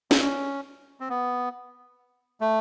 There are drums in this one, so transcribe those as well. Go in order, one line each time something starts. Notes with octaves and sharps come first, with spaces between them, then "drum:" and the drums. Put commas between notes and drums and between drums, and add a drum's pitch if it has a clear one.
C4, drum: snare
C#4
C4
B3
A3